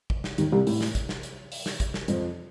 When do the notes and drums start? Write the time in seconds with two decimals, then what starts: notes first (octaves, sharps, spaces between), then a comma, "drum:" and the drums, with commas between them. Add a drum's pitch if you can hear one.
0.10 drum: kick
0.24 drum: snare
0.38 D#2 D#3, drum: hi-hat
0.52 C2 C3
0.67 A2, drum: open hi-hat
0.81 drum: snare
0.95 drum: kick, hi-hat
1.09 drum: snare
1.23 drum: hi-hat
1.52 drum: open hi-hat
1.66 drum: snare
1.80 drum: kick, hi-hat
1.94 drum: snare
2.08 F2 F3, drum: hi-hat